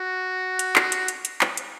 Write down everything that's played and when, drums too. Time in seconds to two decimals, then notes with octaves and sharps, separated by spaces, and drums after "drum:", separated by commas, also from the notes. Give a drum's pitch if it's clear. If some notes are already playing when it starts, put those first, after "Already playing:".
Already playing: F#4
0.59 drum: hi-hat
0.76 drum: clap
0.92 drum: hi-hat
1.08 drum: hi-hat
1.25 drum: hi-hat
1.41 drum: clap
1.57 drum: hi-hat